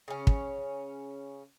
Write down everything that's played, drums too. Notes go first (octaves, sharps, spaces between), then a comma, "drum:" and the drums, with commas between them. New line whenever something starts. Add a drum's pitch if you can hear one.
C#3 C#4
drum: kick